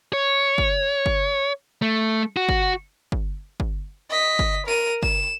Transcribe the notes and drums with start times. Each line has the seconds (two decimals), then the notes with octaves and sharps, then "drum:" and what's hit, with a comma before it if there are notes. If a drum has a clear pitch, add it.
0.13 C#5
0.58 drum: kick
1.06 drum: kick
1.82 A3
2.37 F#4
2.49 drum: kick
3.12 drum: kick
3.60 drum: kick
4.10 D#5 B6
4.39 drum: kick
4.67 A#4 D#7
5.03 E7, drum: kick